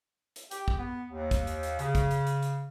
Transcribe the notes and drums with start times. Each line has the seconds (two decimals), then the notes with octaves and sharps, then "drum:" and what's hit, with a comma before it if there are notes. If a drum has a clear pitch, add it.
0.36 drum: hi-hat
0.51 G4, drum: hi-hat
0.68 drum: kick
0.78 B3
1.11 D#2
1.31 drum: kick, hi-hat
1.47 drum: hi-hat
1.63 drum: hi-hat
1.79 C#3, drum: hi-hat
1.95 drum: kick, hi-hat
2.11 drum: hi-hat
2.27 drum: hi-hat
2.42 drum: hi-hat